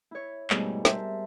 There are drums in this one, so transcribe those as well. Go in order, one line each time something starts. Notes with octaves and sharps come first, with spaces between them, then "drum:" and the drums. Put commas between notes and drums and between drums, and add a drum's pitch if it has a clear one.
E4 C#5
F2 G#2 B2 G3 A3, drum: clap
A#4 C5 E5 A5 A#5, drum: snare